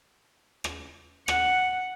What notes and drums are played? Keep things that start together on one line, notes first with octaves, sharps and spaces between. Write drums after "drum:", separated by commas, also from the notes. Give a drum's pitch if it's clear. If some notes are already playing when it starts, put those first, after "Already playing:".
drum: rim click
F#5, drum: rim click